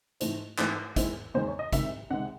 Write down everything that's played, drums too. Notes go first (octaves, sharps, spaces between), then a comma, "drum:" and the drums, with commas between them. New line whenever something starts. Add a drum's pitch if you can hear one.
G#2 E3 A3 C4, drum: hi-hat
G#2 E3 A3 C4, drum: clap
E2 D#3 G#3 C4 E4, drum: kick, hi-hat
E2 D#3 G#3 C4 C5
C#5
D#5
C2 C3 D#3 G#3 E5, drum: kick, hi-hat
C2 C3 D#3 G#3 F#5